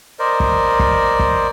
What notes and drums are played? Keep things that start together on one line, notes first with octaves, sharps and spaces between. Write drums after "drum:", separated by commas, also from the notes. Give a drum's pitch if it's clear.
A#4 C5 D5 D#5
drum: kick
drum: kick
drum: kick